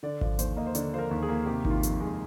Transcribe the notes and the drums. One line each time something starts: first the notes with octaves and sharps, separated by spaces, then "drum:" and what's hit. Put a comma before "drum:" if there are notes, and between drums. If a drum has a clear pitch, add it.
D3 D5
F3 D5, drum: kick G#1
D#2 C5, drum: hi-hat
A#3 D#5
C5
D3 D5, drum: hi-hat
F3 C5
A#4
D#2
G#4
A#3
C3 G4
D#3, drum: kick G#1
F4
F2, drum: hi-hat
G#3